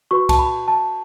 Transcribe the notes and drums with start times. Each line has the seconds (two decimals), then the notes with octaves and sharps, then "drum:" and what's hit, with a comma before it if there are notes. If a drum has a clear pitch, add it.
0.11 F#4 B4 C#6
0.29 A5, drum: kick, cymbal
0.39 B5
0.68 A5